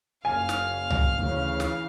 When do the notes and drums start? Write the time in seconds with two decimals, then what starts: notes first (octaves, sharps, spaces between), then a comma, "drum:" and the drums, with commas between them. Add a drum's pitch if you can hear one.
0.25 F#1 F5 G#5 F6
0.49 drum: snare
0.90 drum: tom C2
1.18 D2 C#3 E3
1.60 drum: snare